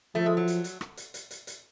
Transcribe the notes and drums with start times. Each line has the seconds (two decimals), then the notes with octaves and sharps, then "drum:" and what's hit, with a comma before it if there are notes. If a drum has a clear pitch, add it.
0.15 F3 A3
0.26 G#3
0.37 F#3
0.48 drum: hi-hat
0.64 drum: hi-hat
0.81 drum: rim click
0.97 drum: hi-hat
1.14 drum: hi-hat
1.31 drum: hi-hat
1.47 drum: hi-hat